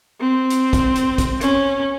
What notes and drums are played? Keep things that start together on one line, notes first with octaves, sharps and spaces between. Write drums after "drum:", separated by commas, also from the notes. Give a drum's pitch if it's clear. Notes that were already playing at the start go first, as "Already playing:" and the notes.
C4
drum: hi-hat
drum: kick, hi-hat
drum: hi-hat
drum: kick, hi-hat
C#4, drum: hi-hat